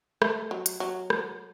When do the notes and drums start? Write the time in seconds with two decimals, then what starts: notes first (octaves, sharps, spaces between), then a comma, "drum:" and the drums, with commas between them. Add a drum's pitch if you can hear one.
0.22 A3, drum: rim click
0.51 F#3
0.66 drum: hi-hat
0.80 F#3
1.10 drum: rim click